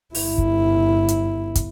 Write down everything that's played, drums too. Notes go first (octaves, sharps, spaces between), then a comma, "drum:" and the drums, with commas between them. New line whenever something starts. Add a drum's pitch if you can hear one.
G1 E4, drum: open hi-hat
drum: kick
drum: hi-hat
drum: kick, hi-hat